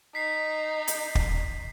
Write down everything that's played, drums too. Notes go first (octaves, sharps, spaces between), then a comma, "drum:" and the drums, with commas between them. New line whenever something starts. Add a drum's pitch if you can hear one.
D#4 B6 C7
drum: hi-hat
drum: kick